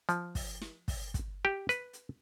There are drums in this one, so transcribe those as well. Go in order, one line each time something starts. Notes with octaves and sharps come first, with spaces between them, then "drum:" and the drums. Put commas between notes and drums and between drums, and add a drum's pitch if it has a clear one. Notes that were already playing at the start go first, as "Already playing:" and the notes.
F3, drum: hi-hat
drum: kick, open hi-hat
drum: snare
drum: kick, open hi-hat
drum: kick, hi-hat
G4
B4, drum: hi-hat
drum: hi-hat